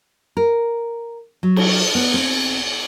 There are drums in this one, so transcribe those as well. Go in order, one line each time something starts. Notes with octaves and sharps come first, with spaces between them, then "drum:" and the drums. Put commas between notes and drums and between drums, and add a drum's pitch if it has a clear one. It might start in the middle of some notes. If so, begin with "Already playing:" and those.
A#4
F#3
drum: cymbal
B3
C4